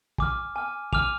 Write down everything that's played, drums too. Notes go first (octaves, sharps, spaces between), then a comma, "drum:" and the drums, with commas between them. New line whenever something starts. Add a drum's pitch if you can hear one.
G#5 D6 F6, drum: kick
G#5 D6 F6
G#5 D6 F6 F7, drum: kick